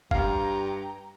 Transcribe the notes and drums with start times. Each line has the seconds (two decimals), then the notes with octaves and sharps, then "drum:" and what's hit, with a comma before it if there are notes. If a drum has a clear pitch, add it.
0.11 G2 F5 G5 A#5, drum: kick